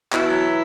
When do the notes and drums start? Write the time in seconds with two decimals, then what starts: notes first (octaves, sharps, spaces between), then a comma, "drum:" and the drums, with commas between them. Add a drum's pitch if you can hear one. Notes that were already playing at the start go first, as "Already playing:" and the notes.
0.12 B2 E3 E4, drum: clap
0.28 F#3